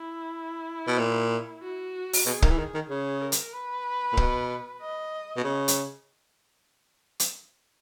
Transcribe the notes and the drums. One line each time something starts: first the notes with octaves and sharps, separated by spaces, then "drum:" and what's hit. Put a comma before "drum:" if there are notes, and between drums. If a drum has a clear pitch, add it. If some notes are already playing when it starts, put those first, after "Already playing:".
Already playing: E4
B2
A#2
F#4
drum: open hi-hat
B2 G#4
D#3, drum: kick
E3
D#3 G#4
D#3
C#3 G#4
A#4
drum: hi-hat
B4
A#2
B2, drum: kick
D#5
B2
C#3
drum: hi-hat
drum: hi-hat